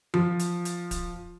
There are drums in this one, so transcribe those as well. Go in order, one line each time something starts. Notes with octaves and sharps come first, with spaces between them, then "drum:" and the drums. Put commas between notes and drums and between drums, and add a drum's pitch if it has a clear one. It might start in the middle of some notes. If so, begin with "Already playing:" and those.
F3, drum: tom E3
drum: hi-hat
drum: hi-hat
drum: kick D1, hi-hat